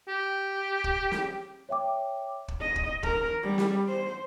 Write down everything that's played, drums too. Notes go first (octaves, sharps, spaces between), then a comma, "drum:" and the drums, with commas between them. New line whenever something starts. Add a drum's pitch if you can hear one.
G4
drum: kick
drum: snare
C#5 E5 G5 D6
drum: kick
D#5
drum: kick
A#4, drum: kick
G3
drum: snare
C5